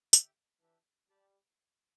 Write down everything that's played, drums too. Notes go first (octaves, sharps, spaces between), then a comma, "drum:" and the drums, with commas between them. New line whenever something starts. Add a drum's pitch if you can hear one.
D3 G4 E5 G5, drum: tambourine
E3 D4 G4 E5
G3 G4 D5 A5